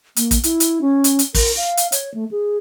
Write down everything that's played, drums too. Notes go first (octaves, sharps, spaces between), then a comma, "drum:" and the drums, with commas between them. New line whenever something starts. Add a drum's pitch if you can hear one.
A#3, drum: hi-hat
drum: kick, hi-hat
E4, drum: hi-hat
drum: hi-hat
C#4
drum: hi-hat
drum: hi-hat
A#4, drum: kick, open hi-hat
F5
drum: hi-hat
C#5, drum: hi-hat
A3
G#4